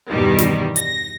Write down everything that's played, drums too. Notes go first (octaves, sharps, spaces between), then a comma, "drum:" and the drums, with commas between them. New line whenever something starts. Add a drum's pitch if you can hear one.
E2 G2 B2 D#3 G3
drum: snare
A#6, drum: hi-hat